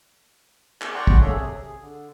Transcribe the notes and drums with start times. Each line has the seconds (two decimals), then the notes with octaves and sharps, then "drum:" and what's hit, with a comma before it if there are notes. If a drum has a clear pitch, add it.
0.81 G#4, drum: clap
0.94 D5 F#5 G5 A#5 C6 C#6
1.07 drum: kick
1.21 A#3 C#4 G#4 A4 C#5 E5
1.33 C3 G#4
1.58 G#4
1.80 D3